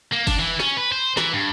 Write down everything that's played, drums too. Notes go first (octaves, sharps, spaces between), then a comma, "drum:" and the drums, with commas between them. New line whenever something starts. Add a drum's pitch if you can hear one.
A#3
D4, drum: kick, cymbal
E3
C#4, drum: snare
B4
C5
E3, drum: snare
G2